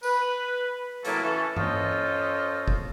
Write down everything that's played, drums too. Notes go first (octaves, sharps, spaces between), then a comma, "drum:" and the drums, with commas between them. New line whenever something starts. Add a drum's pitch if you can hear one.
B4, drum: tambourine
A2 C3 F#3 A#3 E4 A4, drum: hi-hat
E3 C#4 A4
C#4 F4 A4 C5 D#5, drum: tom G2
drum: kick